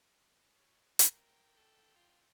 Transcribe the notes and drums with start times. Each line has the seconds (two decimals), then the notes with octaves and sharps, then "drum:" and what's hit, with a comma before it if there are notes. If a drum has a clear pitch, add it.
0.56 C#5
0.99 A#4 G5, drum: hi-hat
1.57 A4
1.96 F4